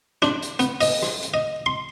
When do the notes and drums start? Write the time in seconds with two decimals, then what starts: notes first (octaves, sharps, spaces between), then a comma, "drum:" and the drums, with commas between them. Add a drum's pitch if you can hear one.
0.22 D4, drum: rim click
0.42 drum: hi-hat
0.59 B3, drum: hi-hat
0.81 D#5, drum: open hi-hat
1.02 drum: rim click
1.23 drum: hi-hat
1.34 D#5
1.66 C6